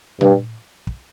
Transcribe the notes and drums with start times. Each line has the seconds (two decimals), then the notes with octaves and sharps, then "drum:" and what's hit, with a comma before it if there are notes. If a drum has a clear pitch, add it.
0.21 G2, drum: tom A#2
0.87 drum: kick